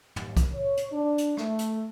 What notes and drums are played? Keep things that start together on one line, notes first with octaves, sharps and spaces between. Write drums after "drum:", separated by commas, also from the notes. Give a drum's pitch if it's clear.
D#2, drum: tom
drum: kick C2, hi-hat
C#5
drum: hi-hat
D4
drum: hi-hat
A3, drum: rim click
drum: hi-hat